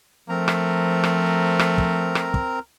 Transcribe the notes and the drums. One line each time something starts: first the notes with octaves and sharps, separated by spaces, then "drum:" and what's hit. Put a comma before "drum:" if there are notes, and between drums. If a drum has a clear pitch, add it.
F3 A3 C4 A#4 A#5
drum: rim click
drum: rim click
drum: rim click
drum: kick
drum: rim click
drum: kick